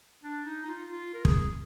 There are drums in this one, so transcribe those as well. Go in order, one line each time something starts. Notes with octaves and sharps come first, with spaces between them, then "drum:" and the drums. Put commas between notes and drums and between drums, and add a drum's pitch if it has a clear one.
D4
D#4
D#4
F4
F4
A#4
G#4, drum: kick